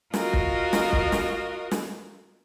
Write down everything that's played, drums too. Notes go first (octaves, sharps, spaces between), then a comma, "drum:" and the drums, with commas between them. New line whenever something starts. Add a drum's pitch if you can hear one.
F4 F#4 A#4 D#5, drum: snare
drum: kick
drum: snare
drum: kick
drum: snare
drum: snare